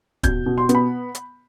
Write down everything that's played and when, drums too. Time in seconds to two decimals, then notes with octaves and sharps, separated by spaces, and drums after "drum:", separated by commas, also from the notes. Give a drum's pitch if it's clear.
0.23 B2 G6, drum: kick, hi-hat
0.46 B2
0.58 C6
0.69 B3, drum: hi-hat
0.75 B5
1.15 drum: hi-hat